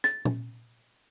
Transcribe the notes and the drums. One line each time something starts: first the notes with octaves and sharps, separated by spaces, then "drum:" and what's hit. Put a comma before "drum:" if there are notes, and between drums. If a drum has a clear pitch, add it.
A6, drum: rim click
drum: tom A#2